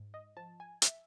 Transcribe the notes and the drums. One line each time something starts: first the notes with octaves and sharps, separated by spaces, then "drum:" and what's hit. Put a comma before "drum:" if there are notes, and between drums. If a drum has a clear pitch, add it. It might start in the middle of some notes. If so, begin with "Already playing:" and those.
Already playing: G#2
D#5
F3 A5
G#5
E5, drum: hi-hat